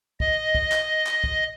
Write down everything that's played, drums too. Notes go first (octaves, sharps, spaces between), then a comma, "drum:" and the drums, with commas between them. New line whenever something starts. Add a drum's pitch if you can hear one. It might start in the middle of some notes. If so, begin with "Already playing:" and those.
D#5, drum: kick
drum: kick
drum: clap
drum: clap
drum: kick